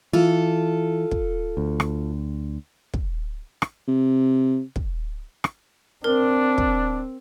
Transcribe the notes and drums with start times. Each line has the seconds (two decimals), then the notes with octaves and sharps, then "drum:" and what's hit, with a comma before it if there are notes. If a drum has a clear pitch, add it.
0.13 E3 F4 A4
1.11 drum: kick
1.57 D2
1.80 drum: rim click
2.94 drum: kick
3.62 drum: rim click
3.88 C3
4.76 drum: kick
5.44 drum: rim click
6.04 C4 D4 A#4
6.58 drum: kick